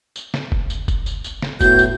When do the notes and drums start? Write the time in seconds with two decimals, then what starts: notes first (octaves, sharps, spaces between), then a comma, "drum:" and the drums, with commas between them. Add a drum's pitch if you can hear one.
0.16 drum: tambourine
0.34 drum: snare
0.52 drum: kick F1
0.70 drum: tambourine
0.88 drum: kick F1, tambourine
1.06 drum: tambourine
1.24 drum: tambourine
1.42 drum: snare
1.61 A2 B3 F#4 G6, drum: kick F1, tambourine
1.79 drum: tambourine